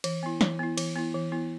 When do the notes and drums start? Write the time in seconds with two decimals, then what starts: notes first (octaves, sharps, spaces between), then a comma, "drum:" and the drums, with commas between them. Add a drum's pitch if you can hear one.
0.04 E3, drum: cymbal
0.23 B3 E4
0.41 E3, drum: snare
0.59 B3 E4
0.78 E3, drum: cymbal
0.96 B3 E4
1.14 E3
1.32 B3 E4